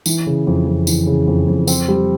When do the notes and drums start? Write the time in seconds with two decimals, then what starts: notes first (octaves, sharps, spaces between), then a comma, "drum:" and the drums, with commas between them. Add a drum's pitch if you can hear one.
0.06 E3, drum: tambourine
0.27 C#3
0.47 F2
0.67 F2
0.87 E3, drum: tambourine
1.07 C#3
1.27 F2
1.48 F2
1.67 C4, drum: tambourine
1.88 G3